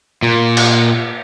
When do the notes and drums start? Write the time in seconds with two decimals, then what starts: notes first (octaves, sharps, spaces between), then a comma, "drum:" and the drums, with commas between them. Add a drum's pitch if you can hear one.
0.23 A#2
0.57 drum: cymbal